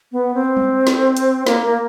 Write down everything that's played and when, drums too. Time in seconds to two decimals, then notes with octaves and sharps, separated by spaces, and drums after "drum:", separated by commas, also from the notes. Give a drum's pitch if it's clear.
0.12 B3
0.34 C4
0.57 drum: tom G3
0.87 drum: snare
1.17 drum: hi-hat
1.46 A#3, drum: snare
1.66 A#3